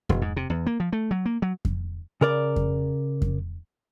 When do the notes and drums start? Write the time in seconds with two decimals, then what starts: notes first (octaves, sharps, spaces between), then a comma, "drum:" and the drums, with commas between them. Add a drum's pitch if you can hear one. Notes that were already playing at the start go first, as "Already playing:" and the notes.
0.09 E1, drum: kick F2
0.22 G#2
0.36 C3
0.50 E2
0.66 A#3
0.80 F3
0.93 A3
1.11 F#3
1.26 A#3
1.42 F#3
1.65 drum: kick F2
2.21 C#3 A#4 D5
2.56 drum: kick F2
3.22 drum: kick F2